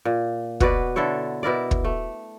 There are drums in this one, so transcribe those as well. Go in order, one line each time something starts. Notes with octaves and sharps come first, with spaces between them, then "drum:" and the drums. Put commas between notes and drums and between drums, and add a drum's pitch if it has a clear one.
A#2
B2 F#4 B4 D5, drum: kick
D3 E4 A4 C#5
B2 E4 A#4 D5
drum: kick
A3